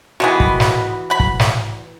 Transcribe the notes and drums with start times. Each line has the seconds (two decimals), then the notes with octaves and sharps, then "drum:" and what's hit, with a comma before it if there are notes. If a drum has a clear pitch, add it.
0.20 D#3 E3 G#3 B3 F#4
0.40 drum: kick
0.60 drum: snare
1.10 F#5 B5
1.20 drum: kick
1.40 drum: snare